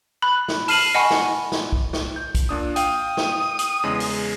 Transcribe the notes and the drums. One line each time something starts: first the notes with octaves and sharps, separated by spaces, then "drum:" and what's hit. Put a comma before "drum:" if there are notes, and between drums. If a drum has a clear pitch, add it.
B5 F#6
drum: snare
A5 F6 C7 D#7 F#7, drum: open hi-hat
D#5 F#5 G#5 A5 B5 C#6
drum: snare
drum: snare
drum: kick
drum: snare
G6
drum: kick, hi-hat
A#2 D4 D#6
F5 G5 D#6, drum: hi-hat
drum: snare
drum: hi-hat
E2 C#3 G#3
drum: open hi-hat